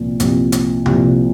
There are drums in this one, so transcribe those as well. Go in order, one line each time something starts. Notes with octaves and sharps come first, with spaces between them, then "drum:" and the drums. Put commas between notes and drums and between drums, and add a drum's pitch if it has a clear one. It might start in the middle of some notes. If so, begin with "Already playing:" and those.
Already playing: C2 A#2 F3
C2 A#2 F3, drum: hi-hat
drum: hi-hat
C2 A#2 F3, drum: tom C3